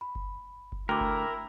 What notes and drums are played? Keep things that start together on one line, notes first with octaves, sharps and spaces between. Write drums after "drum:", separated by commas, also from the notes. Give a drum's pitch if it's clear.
B5
drum: kick F#1
drum: kick F#1
D2 E4 A#4 G5 D6
drum: kick F#1